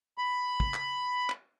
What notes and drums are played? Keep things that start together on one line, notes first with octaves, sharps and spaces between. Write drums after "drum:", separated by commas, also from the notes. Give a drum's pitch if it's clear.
B5
drum: kick
drum: clap
drum: clap